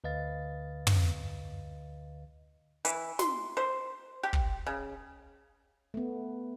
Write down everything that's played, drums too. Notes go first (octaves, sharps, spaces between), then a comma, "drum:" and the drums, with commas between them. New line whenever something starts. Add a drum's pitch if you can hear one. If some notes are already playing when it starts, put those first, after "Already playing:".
D2 D3 B4 D#5 F5 A6
drum: tom
E3, drum: hi-hat
C6, drum: snare
C5
G4
drum: kick
C#3
A3 B3